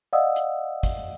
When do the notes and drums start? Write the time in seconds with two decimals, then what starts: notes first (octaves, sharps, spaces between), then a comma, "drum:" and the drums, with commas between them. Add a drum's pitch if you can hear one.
0.13 D5 D#5 F5 F#5 D#6 E6
0.36 drum: hi-hat
0.83 drum: kick, hi-hat